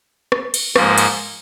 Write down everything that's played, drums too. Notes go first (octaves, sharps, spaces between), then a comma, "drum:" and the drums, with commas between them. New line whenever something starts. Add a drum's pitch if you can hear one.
drum: rim click
drum: cymbal
G#2 F3 A#3, drum: rim click
drum: cymbal